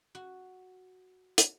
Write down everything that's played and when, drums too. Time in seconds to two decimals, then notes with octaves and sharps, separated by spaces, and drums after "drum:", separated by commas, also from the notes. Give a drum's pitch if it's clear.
0.15 F#4
1.38 drum: hi-hat